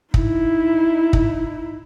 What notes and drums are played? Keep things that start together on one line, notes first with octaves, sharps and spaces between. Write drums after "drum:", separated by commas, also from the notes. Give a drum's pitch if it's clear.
D#4 E4, drum: kick
drum: kick